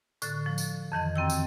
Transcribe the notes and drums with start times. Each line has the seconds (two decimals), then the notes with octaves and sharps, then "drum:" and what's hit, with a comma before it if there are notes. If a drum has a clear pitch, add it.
0.22 A2 D3 F#6 A6, drum: tambourine
0.46 F3
0.58 drum: tambourine
0.92 F2 D#3 E3 D#5
1.16 F#2 C4 G5 E6
1.30 drum: tambourine